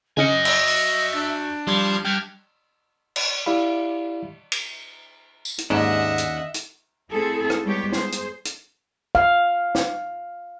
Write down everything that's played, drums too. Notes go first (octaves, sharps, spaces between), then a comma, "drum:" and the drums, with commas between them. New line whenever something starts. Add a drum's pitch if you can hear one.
C#3 C#4 F#4 D#5 G#5 C#7
E5, drum: cymbal
drum: open hi-hat
D4 E6 A6
F3 G3 C6 G#6
G2 G5 F6 G#6
drum: cymbal
E4 G4 D5 E5 F5 B5
drum: cymbal
drum: tambourine
drum: hi-hat
D#2 G#2 C#4 D4 D#5 E5 F#5
drum: hi-hat
drum: hi-hat
A3 C4 E4 G#4 A4
drum: rim click
G3 G#3 B3 G4 C#5
G#4 C5, drum: snare
drum: hi-hat
drum: hi-hat
F5
drum: snare